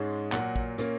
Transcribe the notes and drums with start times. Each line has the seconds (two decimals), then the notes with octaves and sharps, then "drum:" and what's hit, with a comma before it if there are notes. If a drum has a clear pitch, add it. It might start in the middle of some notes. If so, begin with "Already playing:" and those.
Already playing: G#2 G#3 C#4
0.32 A#2 F#3 A#3 F#5, drum: clap
0.56 drum: kick
0.78 A#2 A#3 C#4, drum: hi-hat